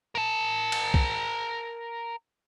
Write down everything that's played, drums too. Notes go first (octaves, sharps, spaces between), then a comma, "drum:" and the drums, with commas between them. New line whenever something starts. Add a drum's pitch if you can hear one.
A#4 A5
drum: cymbal
drum: kick C2